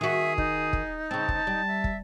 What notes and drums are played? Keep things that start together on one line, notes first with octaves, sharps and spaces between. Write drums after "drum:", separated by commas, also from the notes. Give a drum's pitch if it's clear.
D#3 F#4 G#4 E5
D#4, drum: kick
drum: kick
C#3 C4 A5
drum: kick
G3
E5
drum: kick